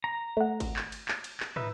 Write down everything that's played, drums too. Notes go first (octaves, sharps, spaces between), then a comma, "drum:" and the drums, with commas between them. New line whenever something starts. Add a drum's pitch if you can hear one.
A#5
A3 F#5
drum: kick G#1, cymbal
drum: clap
drum: cymbal
drum: clap
drum: cymbal
drum: clap
D#4 B4 E5, drum: tom